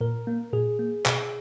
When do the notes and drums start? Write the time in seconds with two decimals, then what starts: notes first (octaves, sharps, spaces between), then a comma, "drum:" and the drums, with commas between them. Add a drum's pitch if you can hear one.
0.01 A#2 A#4
0.27 A#3
0.53 A#2 G#4
0.79 A#3
1.06 B2, drum: clap